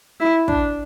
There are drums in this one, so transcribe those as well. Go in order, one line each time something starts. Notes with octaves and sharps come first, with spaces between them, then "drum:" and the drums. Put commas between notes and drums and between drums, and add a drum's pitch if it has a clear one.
E4
D4, drum: kick